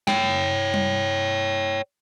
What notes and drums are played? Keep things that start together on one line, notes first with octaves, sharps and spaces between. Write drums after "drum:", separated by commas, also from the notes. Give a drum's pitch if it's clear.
C#5 G5, drum: snare
drum: tom G3